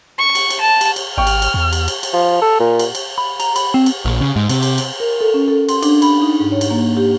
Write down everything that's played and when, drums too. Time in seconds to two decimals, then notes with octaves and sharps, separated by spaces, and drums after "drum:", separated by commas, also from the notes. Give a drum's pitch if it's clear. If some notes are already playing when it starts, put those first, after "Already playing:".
0.18 C#6
0.35 drum: cymbal
0.50 drum: cymbal
0.61 A5
0.81 drum: cymbal
0.96 drum: cymbal
1.18 G#1 G5 C#6 F6
1.27 drum: cymbal
1.42 drum: cymbal
1.54 E2
1.73 drum: cymbal
1.88 drum: cymbal
2.03 drum: cymbal
2.13 F3
2.42 A4
2.60 A#2
2.79 drum: cymbal
2.95 drum: cymbal
3.18 B5
3.40 A#5, drum: cymbal
3.56 B5, drum: cymbal
3.74 C4
3.86 drum: cymbal
4.05 A#1
4.21 C#3
4.36 G#2
4.49 C3, drum: cymbal
4.63 drum: cymbal
4.78 drum: cymbal
5.00 A#4
5.21 A4
5.34 C#4
5.48 A4
5.69 C6, drum: cymbal
5.83 D4, drum: cymbal
6.02 B5, drum: cymbal
6.22 D#4
6.40 G#2
6.52 C#5
6.61 drum: cymbal
6.70 A#3
6.97 G4